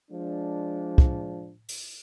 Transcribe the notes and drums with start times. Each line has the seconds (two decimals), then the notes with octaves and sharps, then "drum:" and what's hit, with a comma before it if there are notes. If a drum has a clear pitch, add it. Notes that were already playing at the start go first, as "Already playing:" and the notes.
0.10 F3 G#3 D4
0.98 drum: kick
1.69 drum: open hi-hat